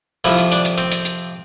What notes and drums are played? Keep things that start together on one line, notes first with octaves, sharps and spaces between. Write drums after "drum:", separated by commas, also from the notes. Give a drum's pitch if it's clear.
F2 C3 F3 E4, drum: open hi-hat
drum: hi-hat
D4, drum: hi-hat
drum: hi-hat
C4, drum: hi-hat
drum: hi-hat
drum: hi-hat